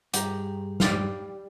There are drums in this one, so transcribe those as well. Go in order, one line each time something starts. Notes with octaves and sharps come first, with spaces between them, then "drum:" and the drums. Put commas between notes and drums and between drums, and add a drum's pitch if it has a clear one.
G2 G4 G#4 A#5, drum: hi-hat
G3 D5 F5, drum: snare